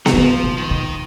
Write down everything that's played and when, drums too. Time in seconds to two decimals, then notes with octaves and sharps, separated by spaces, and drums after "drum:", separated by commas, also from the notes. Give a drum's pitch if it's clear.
0.06 F#3, drum: snare B3
0.13 B2
0.18 D3 F3
0.44 B2
0.57 D#3
0.71 B2